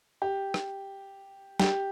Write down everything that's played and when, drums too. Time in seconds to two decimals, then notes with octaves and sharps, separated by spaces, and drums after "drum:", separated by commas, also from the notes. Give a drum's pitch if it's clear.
0.22 G4
0.54 drum: rim click
1.60 G4, drum: snare